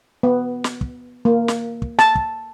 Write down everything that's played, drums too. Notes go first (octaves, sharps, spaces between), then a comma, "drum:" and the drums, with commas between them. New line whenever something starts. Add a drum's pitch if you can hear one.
B3
drum: snare
drum: kick
A#3
drum: snare
drum: kick
A5, drum: snare
drum: kick